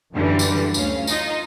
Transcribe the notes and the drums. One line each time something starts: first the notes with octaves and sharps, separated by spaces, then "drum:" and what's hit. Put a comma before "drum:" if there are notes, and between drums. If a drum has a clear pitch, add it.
F#2 D3 E3 G3
drum: tambourine
D2 C#4 F5, drum: tambourine
D#4 F4 D#5, drum: tambourine